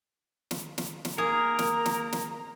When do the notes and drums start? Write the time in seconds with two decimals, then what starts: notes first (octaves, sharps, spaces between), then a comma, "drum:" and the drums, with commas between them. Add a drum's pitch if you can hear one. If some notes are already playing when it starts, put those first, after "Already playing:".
0.51 drum: snare
0.78 drum: snare
1.05 drum: snare
1.18 A#3 G#4 A#4 A#5
1.59 drum: snare
1.86 drum: snare
2.13 drum: snare